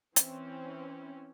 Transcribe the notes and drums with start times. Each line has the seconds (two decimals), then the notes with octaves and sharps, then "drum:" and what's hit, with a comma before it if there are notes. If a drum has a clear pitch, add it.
0.16 E3 C4 C#4, drum: hi-hat